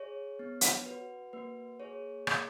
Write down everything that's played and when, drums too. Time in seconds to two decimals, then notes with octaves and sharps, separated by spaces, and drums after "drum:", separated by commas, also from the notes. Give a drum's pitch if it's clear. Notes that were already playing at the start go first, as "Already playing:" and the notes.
Already playing: G#4 C#5
0.39 B3
0.61 drum: hi-hat
0.86 F#4 B4
1.33 A#3 B4
1.80 G#4 C#5
2.27 A#3, drum: rim click